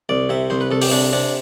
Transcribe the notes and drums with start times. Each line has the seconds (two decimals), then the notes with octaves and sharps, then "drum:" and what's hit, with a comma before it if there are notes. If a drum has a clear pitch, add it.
0.09 C2 D5
0.29 C3 E5
0.50 C2 C5
0.61 B4
0.71 C2 A4
0.81 G4, drum: open hi-hat
0.91 C3 D4
1.13 C3 D4